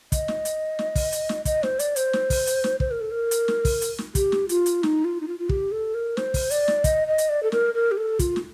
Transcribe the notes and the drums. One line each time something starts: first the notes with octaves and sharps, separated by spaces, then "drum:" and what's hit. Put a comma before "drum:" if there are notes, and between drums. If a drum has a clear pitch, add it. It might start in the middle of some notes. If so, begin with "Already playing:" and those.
D#5, drum: kick, hi-hat
drum: snare
drum: hi-hat
drum: snare
drum: kick, open hi-hat
drum: hi-hat
drum: snare
D#5, drum: kick, hi-hat
C5, drum: snare
D5, drum: hi-hat
C5, drum: hi-hat
drum: snare
drum: kick, open hi-hat
drum: hi-hat
drum: snare
C5, drum: kick
A#4
A4
A#4
drum: hi-hat
drum: snare
drum: kick, open hi-hat
drum: hi-hat
drum: snare
G4, drum: kick, hi-hat
drum: snare
F4, drum: hi-hat
drum: hi-hat
D#4, drum: snare
F4
D#4
F4
F4
G4, drum: kick
A4
A#4
C5, drum: snare
drum: kick, open hi-hat
D5, drum: hi-hat
drum: snare
D#5, drum: kick, hi-hat
D#5
drum: hi-hat
D5
A4
A#4, drum: snare
A#4
G4
A4
F4, drum: kick, hi-hat
drum: snare